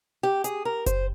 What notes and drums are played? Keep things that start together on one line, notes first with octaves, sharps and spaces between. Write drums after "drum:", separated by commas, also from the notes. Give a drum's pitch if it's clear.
G4
G#4, drum: hi-hat
A#4
C5, drum: kick F#1, hi-hat